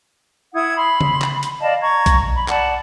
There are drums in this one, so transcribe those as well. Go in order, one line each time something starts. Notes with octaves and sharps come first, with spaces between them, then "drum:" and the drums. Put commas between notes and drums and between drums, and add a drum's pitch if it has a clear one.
E4 F#5 D#6 G#6
B5 C6
drum: tom C#3
drum: clap
drum: hi-hat
D5 D#5 F5 A5
A#5 C#6 G#6
drum: kick B1, hi-hat
B5
D5 F#5 A5, drum: clap